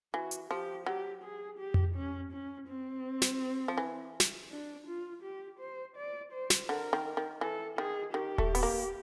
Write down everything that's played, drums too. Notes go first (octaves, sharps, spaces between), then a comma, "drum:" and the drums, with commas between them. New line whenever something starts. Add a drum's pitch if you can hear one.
E3 F#4
drum: hi-hat
F3 G4
F#3 G4
G#4
G4
drum: tom F2
C#4
C#4
C4
drum: snare
F3
E3
drum: snare
D4
F4
G4
C5
D5
C5
drum: snare
D3 A#4
D#3
D#3
E3 A4
D#3 G#4
D#3 G4
A3, drum: kick D#1
B3, drum: open hi-hat
A#3